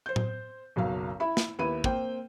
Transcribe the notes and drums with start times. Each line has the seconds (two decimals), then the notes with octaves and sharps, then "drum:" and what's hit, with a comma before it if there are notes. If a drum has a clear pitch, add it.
0.06 C5 G6
0.16 drum: tom A2
0.76 F#1 B1 F#3 F5
1.20 E4 E5 B5
1.37 drum: snare
1.58 D#2 B3 E4 E5 B5 D#7
1.84 A#3 C4 C5 G5, drum: kick